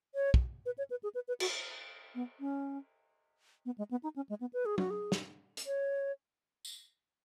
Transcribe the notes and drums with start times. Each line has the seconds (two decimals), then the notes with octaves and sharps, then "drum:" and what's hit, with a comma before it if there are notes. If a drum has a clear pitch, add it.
0.15 C#5
0.34 drum: kick
0.66 B4
0.78 C#5
0.90 B4
1.03 G#4
1.15 B4
1.28 B4
1.40 F#4, drum: cymbal
2.15 B3
2.40 C#4
3.65 B3
3.78 G#3
3.91 B3
4.03 D#4
4.16 C#4
4.29 G#3
4.40 B3
4.53 B4
4.65 G#4
4.78 F#4, drum: tom F#3
4.90 G#4
5.12 drum: snare
5.57 drum: hi-hat
5.66 C#5
6.65 drum: tambourine